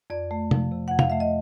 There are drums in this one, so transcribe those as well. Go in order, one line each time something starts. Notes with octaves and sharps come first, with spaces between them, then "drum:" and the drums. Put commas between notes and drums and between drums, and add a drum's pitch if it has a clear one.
F2 D5
A3
F3, drum: tom C3
C3
F2 F#5
F5, drum: tom
A3 E5
D#5